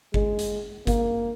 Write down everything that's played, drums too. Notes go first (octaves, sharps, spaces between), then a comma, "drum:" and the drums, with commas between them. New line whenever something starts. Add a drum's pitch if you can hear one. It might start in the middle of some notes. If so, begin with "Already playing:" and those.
G#3, drum: kick G1
drum: hi-hat
A#3, drum: kick G1, hi-hat